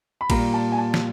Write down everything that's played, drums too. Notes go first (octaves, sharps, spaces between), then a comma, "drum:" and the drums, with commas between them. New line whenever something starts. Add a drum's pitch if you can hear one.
B5
A#2 G3 A#3 A#5, drum: kick A1, cymbal
A5
G#5
A5
drum: snare